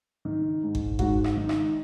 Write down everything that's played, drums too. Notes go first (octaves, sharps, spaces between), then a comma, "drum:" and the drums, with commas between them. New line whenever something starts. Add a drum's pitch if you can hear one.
D#3
G#2
drum: kick G1
G#2 F#4, drum: kick G1
drum: rim click
D#3
drum: rim click